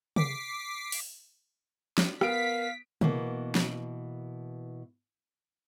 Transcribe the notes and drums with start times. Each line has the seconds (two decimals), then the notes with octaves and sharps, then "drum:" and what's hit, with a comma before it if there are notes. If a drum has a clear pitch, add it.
0.16 D6 B6 C7, drum: tom
0.92 drum: open hi-hat
1.98 drum: snare
2.21 B3 A#4 F5 B6 D7, drum: rim click
3.01 B2 E3 A#3, drum: tom
3.55 drum: snare